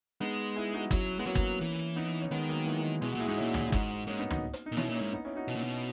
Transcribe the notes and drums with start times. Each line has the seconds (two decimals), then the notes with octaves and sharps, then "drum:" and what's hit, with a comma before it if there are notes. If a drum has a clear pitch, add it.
0.21 G#3 B3 D#4
0.56 E4 G#4
0.74 D#4 F#4
0.91 F#3 C#4 E4, drum: kick
1.19 G#3 B3
1.26 F#3 A#3 C#4
1.35 drum: kick
1.61 E3
1.96 B3 D#4
2.21 C#4
2.31 D#3 G#3 B3
2.49 F#3 A#3
2.66 E3 G#3
3.01 B2 E3 G#3
3.12 F#4
3.15 A#2 E4 G#4
3.28 G#2 D#4 F#4
3.37 A#2 C#4 E4
3.47 F#4
3.54 E4 G#4, drum: tom
3.67 E4
3.72 G#2 D#4 F#4, drum: kick
4.07 G#2 A#3 C#4
4.19 B3 D#4
4.30 D#4 F#4, drum: tom
4.53 drum: hi-hat
4.66 D#4
4.72 A#2
4.77 B2 C#4 E4, drum: snare
4.89 A#2
4.95 A#3 C#4
5.01 G#2
5.13 B3 D#4
5.24 C#4 E4
5.36 D#4 F#4
5.48 B2
5.55 A#2
5.64 B2